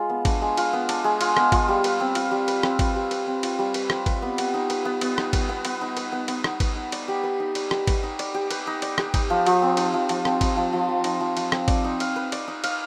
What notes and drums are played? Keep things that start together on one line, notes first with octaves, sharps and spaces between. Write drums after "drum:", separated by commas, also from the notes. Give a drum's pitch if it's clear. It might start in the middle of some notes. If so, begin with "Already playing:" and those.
Already playing: G#3 F4
B3
D4, drum: kick G#1, cymbal
G#3
F4, drum: cymbal
B3
D4, drum: cymbal
G#3
F4, drum: cymbal
B3, drum: rim click
F4, drum: kick G#1, cymbal
G3
B4, drum: cymbal
C4
F4, drum: cymbal
G3
B4, drum: cymbal
C4, drum: rim click
F4, drum: kick G#1, cymbal
G3
B4, drum: cymbal
C4
F4, drum: cymbal
G3
B4, drum: cymbal
C4, drum: rim click
B4, drum: kick G#1, cymbal
B3
B3, drum: cymbal
D#4
B4, drum: cymbal
B3
B3, drum: cymbal
D#4, drum: rim click
B4, drum: kick G#1, cymbal
B3
B3, drum: cymbal
D#4
B4, drum: cymbal
B3
B3, drum: cymbal
D#4, drum: rim click
B4, drum: kick G#1, cymbal
D#4
D5, drum: cymbal
G4
B4
D#4
D5, drum: cymbal
G4, drum: rim click
B4, drum: kick G#1, cymbal
D#4
D5, drum: cymbal
G4
B4, drum: cymbal
D#4
D5, drum: cymbal
G4, drum: rim click
D#4, drum: kick G#1, cymbal
F3
F3, drum: cymbal
C4
D#4, drum: cymbal
F3
F3, drum: cymbal
C4, drum: rim click
D#4, drum: kick G#1, cymbal
F3
F3
C4
D#4, drum: cymbal
F3
F3, drum: cymbal
C4, drum: rim click
D5, drum: kick G#1, cymbal
D#4
F5, drum: cymbal
B4
D5, drum: cymbal
D#4
F5, drum: cymbal